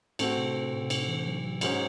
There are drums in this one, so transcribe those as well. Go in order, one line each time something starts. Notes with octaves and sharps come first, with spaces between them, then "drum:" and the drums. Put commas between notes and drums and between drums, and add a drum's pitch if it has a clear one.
A2 A3 C4 F#4, drum: cymbal
C3
C3
A2
C3
A2, drum: cymbal
E3
F#3
F#3
G#2 F#3 G#3 C#4 G#4 C5, drum: cymbal